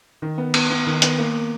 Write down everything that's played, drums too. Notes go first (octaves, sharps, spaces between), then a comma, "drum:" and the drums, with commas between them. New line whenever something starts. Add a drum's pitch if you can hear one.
D#3
B3
B3, drum: cymbal
B3
D#3
B3, drum: hi-hat
A#3